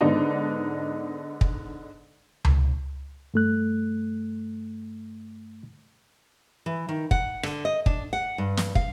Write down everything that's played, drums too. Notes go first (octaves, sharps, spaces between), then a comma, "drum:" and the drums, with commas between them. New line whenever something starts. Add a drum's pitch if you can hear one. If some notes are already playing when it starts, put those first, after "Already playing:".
G#2 D3 B3 D4 D#4
drum: kick
drum: tom C#2
G2 A3 F#6
E3
D#3
F#5, drum: kick
D3, drum: rim click
D#5
D4, drum: kick
F#5
G2
drum: snare
F5, drum: kick